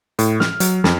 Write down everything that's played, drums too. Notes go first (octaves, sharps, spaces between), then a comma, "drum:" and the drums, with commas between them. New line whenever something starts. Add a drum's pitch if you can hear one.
A2, drum: hi-hat
F6, drum: snare
F#3, drum: hi-hat
F2, drum: snare